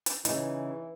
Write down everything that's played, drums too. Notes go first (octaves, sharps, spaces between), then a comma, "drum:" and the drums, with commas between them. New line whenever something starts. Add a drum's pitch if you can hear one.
drum: hi-hat
C#3 E3 D#4, drum: hi-hat